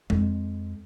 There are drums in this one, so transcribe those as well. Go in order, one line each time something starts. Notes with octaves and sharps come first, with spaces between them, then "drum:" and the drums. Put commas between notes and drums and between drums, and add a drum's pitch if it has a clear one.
F2 G#3, drum: tom G#3